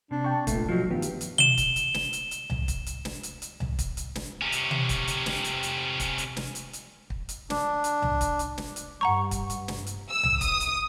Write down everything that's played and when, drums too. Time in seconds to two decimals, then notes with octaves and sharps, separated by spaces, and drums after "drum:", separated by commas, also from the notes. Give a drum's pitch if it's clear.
0.11 C3 D4
0.24 G5 A5 C#6
0.47 C#2 A#2 A3, drum: kick, hi-hat
0.69 B2 F3 F#3
0.90 G2 D#3 B3 G4
1.02 drum: hi-hat
1.21 drum: hi-hat
1.38 E7 G7, drum: tom B2
1.58 drum: kick, hi-hat
1.76 drum: hi-hat
1.94 drum: snare
2.13 drum: hi-hat
2.31 drum: hi-hat
2.50 drum: tom C2
2.68 drum: kick, hi-hat
2.86 drum: hi-hat
3.05 drum: snare
3.23 drum: hi-hat
3.42 drum: hi-hat
3.60 drum: tom C2
3.79 drum: kick, hi-hat
3.97 drum: hi-hat
4.15 drum: snare
4.42 C3 C#4
4.52 drum: hi-hat
4.71 drum: tom B2
4.89 drum: kick, hi-hat
5.08 drum: hi-hat
5.26 drum: snare
5.44 drum: hi-hat
5.63 drum: hi-hat
6.00 drum: kick, hi-hat
6.18 drum: hi-hat
6.37 drum: snare
6.55 drum: hi-hat
6.73 drum: hi-hat
7.10 drum: kick
7.29 drum: hi-hat
7.50 D4, drum: snare
7.84 drum: hi-hat
8.02 drum: tom C2
8.21 drum: kick, hi-hat
8.39 drum: hi-hat
8.58 drum: snare
8.76 drum: hi-hat
9.01 G2 F#5 A#5 C#6
9.31 drum: kick, hi-hat
9.50 drum: hi-hat
9.68 drum: snare
9.87 drum: hi-hat
10.09 E6
10.23 drum: tom C2
10.41 D#6, drum: kick, hi-hat
10.60 drum: hi-hat